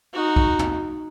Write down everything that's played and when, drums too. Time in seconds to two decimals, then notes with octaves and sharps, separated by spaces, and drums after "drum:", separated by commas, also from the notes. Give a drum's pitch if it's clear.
0.14 D#4 F#4
0.36 drum: kick
0.59 drum: tom